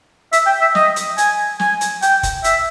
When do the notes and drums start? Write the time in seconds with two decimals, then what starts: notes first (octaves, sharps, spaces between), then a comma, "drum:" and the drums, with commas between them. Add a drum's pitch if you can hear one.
0.33 E5, drum: hi-hat
0.46 G5
0.61 E5
0.75 D#5, drum: snare
0.96 drum: hi-hat
1.18 G#5, drum: hi-hat
1.60 G#5, drum: snare
1.81 drum: hi-hat
2.02 G5, drum: hi-hat
2.23 drum: kick F1, hi-hat
2.44 E5, drum: hi-hat